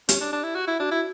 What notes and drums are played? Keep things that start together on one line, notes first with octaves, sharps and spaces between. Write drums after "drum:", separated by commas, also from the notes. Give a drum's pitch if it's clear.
C#4 G4, drum: hi-hat
D4
D4
E4
F#4
E4
D4 F#4
E4